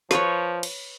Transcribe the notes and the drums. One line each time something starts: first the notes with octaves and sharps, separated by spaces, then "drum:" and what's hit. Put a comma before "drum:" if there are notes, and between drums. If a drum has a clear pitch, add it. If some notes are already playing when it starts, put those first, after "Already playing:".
F3 B4 C#5, drum: snare
drum: cymbal